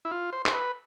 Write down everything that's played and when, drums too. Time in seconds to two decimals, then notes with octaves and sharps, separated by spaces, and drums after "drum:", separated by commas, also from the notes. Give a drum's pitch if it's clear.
0.05 E4
0.11 F4
0.33 C5
0.46 C5, drum: clap
0.53 B4